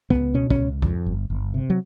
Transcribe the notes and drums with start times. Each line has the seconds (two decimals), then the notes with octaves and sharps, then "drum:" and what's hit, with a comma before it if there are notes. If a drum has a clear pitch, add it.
0.10 C#2 B3, drum: kick
0.34 B2 C#4
0.50 C#4, drum: kick
0.59 C#2
0.82 F2, drum: kick
1.06 G1
1.30 G1
1.54 C3
1.70 F#3